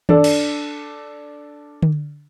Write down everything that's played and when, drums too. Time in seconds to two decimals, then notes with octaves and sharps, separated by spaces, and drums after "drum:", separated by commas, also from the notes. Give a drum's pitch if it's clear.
0.09 D4 A4, drum: tom D#3
0.24 drum: cymbal
1.82 drum: tom D3